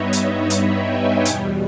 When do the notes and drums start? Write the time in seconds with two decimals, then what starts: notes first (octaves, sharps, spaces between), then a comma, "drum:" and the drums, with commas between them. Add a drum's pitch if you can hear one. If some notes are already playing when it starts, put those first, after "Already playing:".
Already playing: G2 G3 B3 D#4 B4 C#5 D#5 E5
0.13 drum: hi-hat
0.50 drum: hi-hat
0.69 D#5 G5
0.96 E5 G#5
1.25 E2 B2 G3, drum: hi-hat